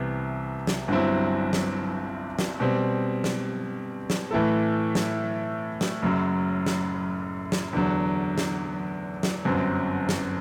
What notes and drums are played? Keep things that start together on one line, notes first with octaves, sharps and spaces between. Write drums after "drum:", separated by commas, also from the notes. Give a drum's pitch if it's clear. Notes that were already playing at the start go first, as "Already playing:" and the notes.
Already playing: C2 C3 E3 B3
drum: snare
G1 G2 F#3 C4 E4
drum: snare
drum: snare
B2 G3 C4
drum: snare
drum: snare
A2 E3 A3 E4 A4
drum: snare
drum: snare
F#1 F#2 F#3
drum: snare
drum: snare
E2 D3 F#3
drum: snare
drum: snare
G1 F#2 F#3 C4
drum: snare